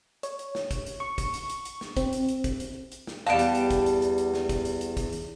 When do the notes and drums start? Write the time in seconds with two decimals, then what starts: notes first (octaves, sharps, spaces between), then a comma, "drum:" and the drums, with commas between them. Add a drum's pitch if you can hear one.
0.23 C#5, drum: hi-hat
0.39 drum: hi-hat
0.55 drum: snare
0.71 drum: kick, hi-hat
0.86 drum: hi-hat
1.00 C#6
1.18 drum: kick, hi-hat
1.34 drum: hi-hat
1.50 drum: hi-hat
1.65 drum: hi-hat
1.81 drum: snare
1.97 C4, drum: kick, hi-hat
2.13 drum: hi-hat
2.28 drum: hi-hat
2.44 drum: kick, hi-hat
2.60 drum: hi-hat
2.92 drum: hi-hat
3.07 drum: snare
3.27 E2 G3 B3 F5 A5 D7
3.39 drum: hi-hat
3.55 drum: hi-hat
3.71 drum: kick, hi-hat
3.86 drum: hi-hat
4.02 drum: hi-hat
4.18 drum: hi-hat
4.34 drum: snare
4.49 drum: kick, hi-hat
4.65 drum: hi-hat
4.81 drum: hi-hat
4.97 drum: kick, hi-hat
5.13 drum: hi-hat